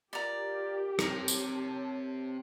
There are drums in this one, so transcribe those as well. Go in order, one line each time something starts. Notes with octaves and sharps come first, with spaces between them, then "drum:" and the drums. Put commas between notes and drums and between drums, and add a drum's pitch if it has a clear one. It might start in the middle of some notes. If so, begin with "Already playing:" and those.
F4 G4 A#4 D5 A#5
C3 A#4 C#5 A5, drum: rim click
drum: tambourine